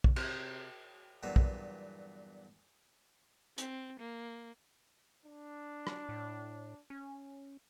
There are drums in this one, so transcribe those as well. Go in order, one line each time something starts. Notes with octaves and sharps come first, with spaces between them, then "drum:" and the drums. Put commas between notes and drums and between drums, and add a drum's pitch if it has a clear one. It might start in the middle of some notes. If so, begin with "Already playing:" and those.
drum: kick
C3, drum: cymbal
E2 G2 A#2 F#3 B3
drum: kick
C4, drum: hi-hat
A#3
D4
drum: rim click
A2
C#4